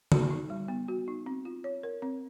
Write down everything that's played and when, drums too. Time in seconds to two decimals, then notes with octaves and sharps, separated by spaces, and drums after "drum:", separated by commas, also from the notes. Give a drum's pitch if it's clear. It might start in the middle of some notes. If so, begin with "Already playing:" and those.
0.12 F#4, drum: tom C#3
0.30 D#4
0.50 G3
0.68 B3
0.88 F#4
1.08 D#4
1.26 C4
1.45 F4
1.64 C#5
1.83 A#4
2.02 C4